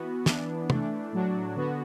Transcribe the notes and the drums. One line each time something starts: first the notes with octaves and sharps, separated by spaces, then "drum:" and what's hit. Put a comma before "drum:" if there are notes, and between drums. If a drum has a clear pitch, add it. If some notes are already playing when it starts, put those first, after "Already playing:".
Already playing: E3 B3 F#4
E3 B3 D4, drum: snare
E3 A3 D4, drum: tom
A2 F#3 D4 F#4
D3 B3 F#4